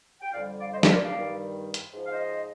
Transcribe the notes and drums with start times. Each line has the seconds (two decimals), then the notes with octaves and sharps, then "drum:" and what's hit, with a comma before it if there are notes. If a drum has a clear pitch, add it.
0.21 G5
0.33 F2 D3 G3 D5 F5
0.60 D5 F5
0.73 C5 D#5
0.83 C5 D#5, drum: snare
0.93 A#4 D5
1.03 D5 F5
1.13 G2 D#3 G3
1.74 drum: hi-hat
1.93 G#2 F3
2.06 F5
2.12 C5 D#5